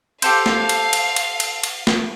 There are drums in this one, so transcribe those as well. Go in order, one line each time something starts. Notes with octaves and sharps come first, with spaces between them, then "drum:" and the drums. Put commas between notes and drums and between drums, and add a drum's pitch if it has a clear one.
G4 A4 C5 F5, drum: cymbal
drum: snare
drum: cymbal
drum: cymbal
drum: cymbal
drum: cymbal
drum: cymbal
drum: snare